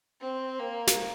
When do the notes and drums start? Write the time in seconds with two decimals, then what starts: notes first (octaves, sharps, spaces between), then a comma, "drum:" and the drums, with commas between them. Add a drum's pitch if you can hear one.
0.21 C4
0.59 A#3
0.87 drum: snare